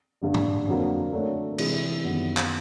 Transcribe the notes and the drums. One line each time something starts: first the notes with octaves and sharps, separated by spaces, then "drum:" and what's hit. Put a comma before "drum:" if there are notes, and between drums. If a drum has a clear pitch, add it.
G2 D3 G3
drum: tom G#2
F2 D3 F#3 A#3
A3 D4 F#4 A#4 C#5
C3 E3 G#3, drum: cymbal
F#2 D#3 G3 B3
drum: clap